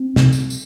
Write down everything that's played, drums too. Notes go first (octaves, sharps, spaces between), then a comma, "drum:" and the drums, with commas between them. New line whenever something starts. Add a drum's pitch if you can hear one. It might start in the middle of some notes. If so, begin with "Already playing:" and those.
Already playing: C4
C3, drum: snare
drum: tambourine
drum: tambourine